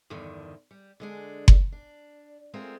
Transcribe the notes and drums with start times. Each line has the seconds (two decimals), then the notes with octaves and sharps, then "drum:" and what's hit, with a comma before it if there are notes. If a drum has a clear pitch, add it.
0.10 E2 G2 D3 D#3
0.71 G3
1.00 D3 G#3 D4
1.48 drum: kick F#1
1.72 D4
2.54 G#3 A3 C4 F4 A#4